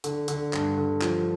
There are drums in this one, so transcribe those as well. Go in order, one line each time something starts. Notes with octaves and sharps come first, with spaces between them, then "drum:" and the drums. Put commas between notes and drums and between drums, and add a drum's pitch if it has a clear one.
D3, drum: hi-hat
D3, drum: hi-hat
G2, drum: clap
D3
F3, drum: clap